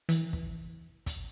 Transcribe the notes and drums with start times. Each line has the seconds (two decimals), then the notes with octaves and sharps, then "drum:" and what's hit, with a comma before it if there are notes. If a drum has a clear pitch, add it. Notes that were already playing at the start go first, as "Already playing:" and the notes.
0.09 E3, drum: hi-hat
0.33 drum: kick
1.06 drum: kick, hi-hat